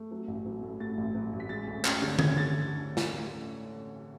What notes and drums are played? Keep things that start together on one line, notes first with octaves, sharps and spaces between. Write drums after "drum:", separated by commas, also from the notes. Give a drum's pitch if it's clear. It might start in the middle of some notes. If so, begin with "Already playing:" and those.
Already playing: A3
F#3
A1
F#3
A2
A3 A6
A1
F#3
A1
B6
G#3 A6
D2
C#4, drum: clap
D3
C#4 G#6, drum: tom D3
D3 A6
drum: snare